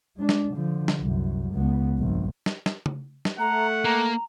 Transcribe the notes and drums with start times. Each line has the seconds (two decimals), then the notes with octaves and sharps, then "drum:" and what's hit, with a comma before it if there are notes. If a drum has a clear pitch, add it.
0.17 G#3 D4
0.29 drum: snare
0.53 D3 F3
0.88 drum: snare
0.99 C2 F#2
1.53 C#2 B3
1.98 A#1 G2
2.46 drum: snare
2.66 drum: snare
2.86 drum: tom C#3
3.25 drum: snare
3.39 A3 F#5 A#5
3.85 A#3 A#5